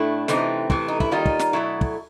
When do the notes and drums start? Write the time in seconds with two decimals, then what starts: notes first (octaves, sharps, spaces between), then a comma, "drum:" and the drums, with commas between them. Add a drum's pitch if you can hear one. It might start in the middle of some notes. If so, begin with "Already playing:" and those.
Already playing: A2 A3 D4 E4
0.28 C3 E3 A3 C4 D#4, drum: snare
0.70 C3 E3 A3, drum: kick
0.88 D#4
1.00 E4, drum: kick
1.11 D#3 G3 A#3 D#4 F4
1.26 drum: kick
1.39 drum: snare
1.53 B2 F#3 A3 E4
1.81 drum: kick